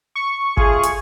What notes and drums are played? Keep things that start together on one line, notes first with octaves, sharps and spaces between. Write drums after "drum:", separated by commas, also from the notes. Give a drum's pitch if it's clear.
C#6
A3 F4 G#4, drum: kick G1
drum: hi-hat